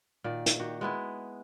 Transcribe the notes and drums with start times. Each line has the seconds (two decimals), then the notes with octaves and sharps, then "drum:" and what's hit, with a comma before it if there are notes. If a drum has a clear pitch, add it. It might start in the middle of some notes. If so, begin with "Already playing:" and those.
0.24 A#2 D#3 D5
0.46 drum: hi-hat
0.60 D#3 F#4 G4
0.81 G#3 B3 E4